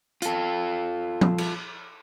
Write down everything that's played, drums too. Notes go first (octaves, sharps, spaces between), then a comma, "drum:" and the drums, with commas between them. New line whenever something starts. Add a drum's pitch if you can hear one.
F4 A4, drum: hi-hat
drum: tom F3
drum: cymbal